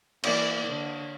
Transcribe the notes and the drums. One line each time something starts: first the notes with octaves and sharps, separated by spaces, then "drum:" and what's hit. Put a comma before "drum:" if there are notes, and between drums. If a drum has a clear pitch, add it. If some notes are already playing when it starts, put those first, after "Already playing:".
E3 A#3 D5, drum: cymbal
D3